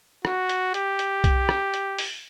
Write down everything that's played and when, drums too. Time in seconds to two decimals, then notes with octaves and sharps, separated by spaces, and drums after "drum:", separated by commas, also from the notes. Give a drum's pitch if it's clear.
0.25 F#4, drum: rim click
0.49 drum: hi-hat
0.74 G4, drum: hi-hat
0.99 drum: hi-hat
1.24 drum: kick B1, hi-hat
1.49 drum: rim click
1.74 drum: hi-hat
1.99 drum: open hi-hat